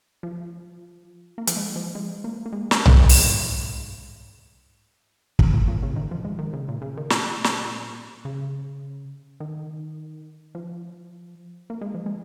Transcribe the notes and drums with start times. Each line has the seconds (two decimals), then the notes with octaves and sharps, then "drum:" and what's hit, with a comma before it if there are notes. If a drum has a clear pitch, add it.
0.23 F3
1.38 A#3
1.47 F3, drum: hi-hat
1.57 G#3
1.76 F3
1.95 G#3
2.24 A#3
2.46 A#3
2.52 G#3
2.71 A#3, drum: snare
2.86 drum: tom
3.09 G#2, drum: open hi-hat
5.39 C#3, drum: kick
5.54 A#2
5.68 A#2
5.83 C#3
5.96 D#3
6.11 F3
6.25 G#3
6.39 D#3
6.53 C#3
6.68 A#2
6.82 C#3
6.97 D#3
7.10 A#2, drum: snare
7.44 drum: snare
8.25 C#3
9.40 D#3
10.55 F3
11.70 A#3
11.81 G#3
11.94 F3
12.06 G#3